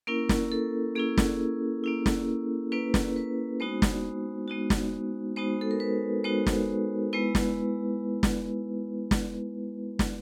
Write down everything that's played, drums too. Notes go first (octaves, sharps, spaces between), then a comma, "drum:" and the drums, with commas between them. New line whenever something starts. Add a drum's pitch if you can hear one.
A#3 C#4 E4 A#4
drum: snare
A4
A#3 C#4 E4 G#4
drum: snare
A#3 C#4 E4
drum: snare
A#3 C#4 E4 B4
drum: snare
B4
G#3 B3 D#4 F#4 C5
drum: snare
G#3 B3 D#4 F#4
drum: snare
G#3 B3 D#4 F#4 C5
A4
A#4
B4
G#3 B3 D#4 F#4 C5
drum: snare
G#3 B3 E4 B4
drum: snare
drum: snare
drum: snare
drum: snare